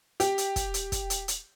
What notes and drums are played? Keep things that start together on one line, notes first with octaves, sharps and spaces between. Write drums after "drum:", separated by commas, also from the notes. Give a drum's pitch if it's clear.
G4, drum: hi-hat
drum: hi-hat
drum: kick, hi-hat
drum: hi-hat
drum: kick, hi-hat
drum: hi-hat
drum: hi-hat